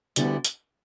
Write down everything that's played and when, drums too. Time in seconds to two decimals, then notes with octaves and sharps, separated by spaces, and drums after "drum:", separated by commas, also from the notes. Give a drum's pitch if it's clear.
0.16 D2 D3 G3 B3 E4, drum: hi-hat
0.45 drum: hi-hat